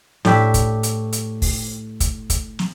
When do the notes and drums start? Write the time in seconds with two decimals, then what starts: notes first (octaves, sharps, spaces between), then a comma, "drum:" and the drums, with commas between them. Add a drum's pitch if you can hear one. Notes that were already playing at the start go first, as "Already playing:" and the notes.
0.25 A2 D4 G4 E5, drum: snare
0.54 drum: kick, hi-hat
0.83 drum: hi-hat
1.13 drum: hi-hat
1.42 drum: kick, open hi-hat
2.00 drum: kick, hi-hat
2.30 drum: kick, hi-hat
2.59 drum: snare